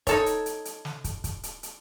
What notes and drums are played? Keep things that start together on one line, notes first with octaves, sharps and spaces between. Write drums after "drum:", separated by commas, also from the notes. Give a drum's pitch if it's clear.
D#4 A4 C#5, drum: kick, hi-hat
drum: hi-hat
drum: hi-hat
drum: hi-hat
drum: snare
drum: kick, hi-hat
drum: kick, hi-hat
drum: hi-hat
drum: hi-hat